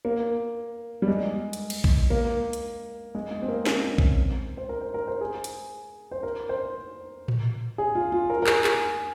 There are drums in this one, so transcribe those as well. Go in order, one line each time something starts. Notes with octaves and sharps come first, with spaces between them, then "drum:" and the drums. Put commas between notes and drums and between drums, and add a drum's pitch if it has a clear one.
A#3
G3
G#3
drum: hi-hat
drum: cymbal
drum: kick
A#3
drum: hi-hat
G#3
G#3
C4
A#3
C4, drum: snare
C#4
drum: kick
C5
A#4
C5
A#4
C5
G#4
drum: hi-hat
C5
A#4
C5
drum: tom A2
G#4
F4
F4
A#4
A#4
G#4, drum: clap
G#4, drum: clap